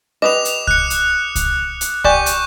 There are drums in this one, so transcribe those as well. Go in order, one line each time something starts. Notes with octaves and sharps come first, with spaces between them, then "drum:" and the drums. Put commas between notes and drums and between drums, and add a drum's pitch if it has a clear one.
G4 B4 D#5 D6 D#6 F7
drum: hi-hat
F#6 C#7, drum: kick C2
drum: hi-hat
drum: kick C2, hi-hat
drum: hi-hat
G4 D5 G#5 C#6 D6 G6, drum: kick C2
drum: hi-hat